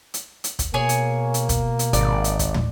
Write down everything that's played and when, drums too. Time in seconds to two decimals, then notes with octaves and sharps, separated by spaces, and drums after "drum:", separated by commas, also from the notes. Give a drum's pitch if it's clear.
0.14 drum: hi-hat
0.44 drum: hi-hat
0.59 drum: kick, hi-hat
0.74 B2 A#3 G#4 C#5 G#5
0.89 drum: hi-hat
1.34 drum: hi-hat
1.49 drum: kick, hi-hat
1.79 drum: hi-hat
1.93 G#1 D5, drum: hi-hat
2.24 drum: hi-hat
2.39 drum: kick, hi-hat
2.54 drum: tom